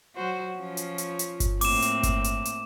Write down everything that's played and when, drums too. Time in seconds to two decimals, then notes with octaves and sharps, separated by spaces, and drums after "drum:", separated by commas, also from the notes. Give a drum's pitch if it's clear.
0.16 F#3 F#4 C5
0.58 F3 C#4 F4
0.77 drum: hi-hat
0.98 drum: hi-hat
1.19 drum: hi-hat
1.40 drum: kick G1, hi-hat
1.61 A2 A#3 C4 D6 E7, drum: open hi-hat
1.82 drum: hi-hat
2.03 drum: kick G1, hi-hat
2.24 drum: hi-hat
2.45 drum: hi-hat